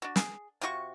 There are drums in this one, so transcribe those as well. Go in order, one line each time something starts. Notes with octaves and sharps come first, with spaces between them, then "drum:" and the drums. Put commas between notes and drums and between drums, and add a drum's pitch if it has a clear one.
D4 F#4
G#4, drum: snare
C3 F4 F#4 C#6